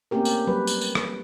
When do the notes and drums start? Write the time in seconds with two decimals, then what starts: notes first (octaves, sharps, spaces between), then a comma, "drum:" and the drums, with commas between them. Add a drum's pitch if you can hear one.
0.11 A3 A#3 C4 C#4 G4 A#4
0.25 drum: tambourine
0.47 F#3 G3 B4
0.67 drum: tambourine
0.81 drum: tambourine
0.95 drum: rim click